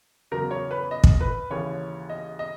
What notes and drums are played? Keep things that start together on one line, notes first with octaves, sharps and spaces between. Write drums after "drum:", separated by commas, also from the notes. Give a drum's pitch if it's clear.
F#1 E2 C#3 F#3 A#4
C#5
B4
D#5
drum: kick
B4
D#2 C#3 E3 C#5
D#5
D#5